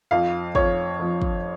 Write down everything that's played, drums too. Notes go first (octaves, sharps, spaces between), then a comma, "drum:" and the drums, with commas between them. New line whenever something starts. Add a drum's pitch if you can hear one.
F2 F3 F5
F2 F3 C#5, drum: kick
F2 F3
drum: kick